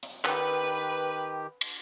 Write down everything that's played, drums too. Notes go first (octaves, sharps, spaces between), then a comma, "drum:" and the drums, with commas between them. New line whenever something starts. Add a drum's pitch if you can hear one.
drum: hi-hat
D#3 G4 B4, drum: clap
drum: cymbal